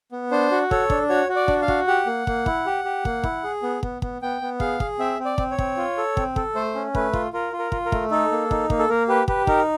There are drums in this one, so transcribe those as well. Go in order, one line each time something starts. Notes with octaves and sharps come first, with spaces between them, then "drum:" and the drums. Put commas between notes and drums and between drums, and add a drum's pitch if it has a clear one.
B3
D4 C5
F#4
A4 C#5, drum: kick
D4, drum: kick
F#4 C#5
F#4
D5
D4, drum: kick
F5
F#4, drum: kick
G4 F#5
A#3
A#3, drum: kick
E4, drum: kick
G4
G4
A#3, drum: kick
E4, drum: kick
G#4
B3
B3, drum: kick
B3, drum: kick
B3 G5
B3
G#4 F5, drum: kick
G#4, drum: kick
C4 E5
C4
D5
C4, drum: kick
C#5
C4, drum: kick
F4
A4
C4, drum: kick
A4, drum: kick
A3 C5
C#4
A3 B4, drum: kick
F4, drum: kick
F4 A#4
F4
A#4
F4, drum: kick
A#4
A3, drum: kick
D#4 A4
A#3
D#4, drum: kick
A#3, drum: kick
A4
A#3 A#4
G4 B4
G4 B4, drum: kick
D#4 A#4, drum: kick